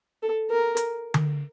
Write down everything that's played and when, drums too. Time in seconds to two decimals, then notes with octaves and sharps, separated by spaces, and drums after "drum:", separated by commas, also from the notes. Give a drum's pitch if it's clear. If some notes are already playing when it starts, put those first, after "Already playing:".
0.23 A4
0.51 A#4
0.77 drum: hi-hat
1.14 drum: tom D3